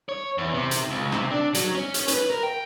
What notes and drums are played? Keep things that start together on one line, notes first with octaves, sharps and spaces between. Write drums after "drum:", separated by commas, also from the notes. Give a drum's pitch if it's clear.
C#5
E2
C3
drum: hi-hat
C#2
C3, drum: rim click
D4
F#3, drum: hi-hat
C#4
drum: hi-hat
B4, drum: hi-hat
A#4
G5